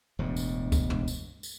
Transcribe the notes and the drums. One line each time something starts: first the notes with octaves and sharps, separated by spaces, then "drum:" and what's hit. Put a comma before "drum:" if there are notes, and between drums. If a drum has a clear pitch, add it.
E1 D2 A2
drum: tambourine
drum: kick C#2, tambourine
drum: tom
drum: tambourine
drum: tambourine